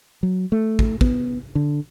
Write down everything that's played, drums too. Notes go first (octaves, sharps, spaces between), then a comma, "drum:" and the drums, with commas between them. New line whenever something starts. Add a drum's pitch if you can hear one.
F#3
A3
drum: kick
B3, drum: kick
D3